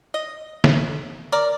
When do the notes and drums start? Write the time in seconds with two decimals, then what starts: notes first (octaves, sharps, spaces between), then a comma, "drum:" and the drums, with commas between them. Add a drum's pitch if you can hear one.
0.14 D#5
0.64 drum: snare
1.32 A#4 D5